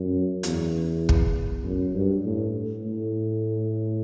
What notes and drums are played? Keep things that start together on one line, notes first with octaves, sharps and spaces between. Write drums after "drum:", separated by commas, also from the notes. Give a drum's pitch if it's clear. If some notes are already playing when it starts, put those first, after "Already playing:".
Already playing: F#2
E2, drum: hi-hat
drum: kick
F#2
G2
A2
A2